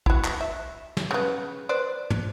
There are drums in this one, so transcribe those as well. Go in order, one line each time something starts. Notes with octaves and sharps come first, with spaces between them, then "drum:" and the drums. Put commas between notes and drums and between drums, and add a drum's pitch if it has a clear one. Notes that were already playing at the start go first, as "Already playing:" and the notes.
E4 F#4, drum: kick
drum: clap
E5
drum: snare
C#3 B3
B4 C5 D5
drum: tom